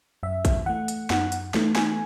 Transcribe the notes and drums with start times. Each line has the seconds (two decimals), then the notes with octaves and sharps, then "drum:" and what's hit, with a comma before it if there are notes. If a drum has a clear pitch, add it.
0.23 F#2 E5
0.45 drum: kick, hi-hat
0.66 E3 A3 F#5
0.88 drum: hi-hat
1.10 F#2 F#5, drum: snare
1.32 drum: hi-hat
1.54 E3 A3, drum: snare
1.75 G#5, drum: snare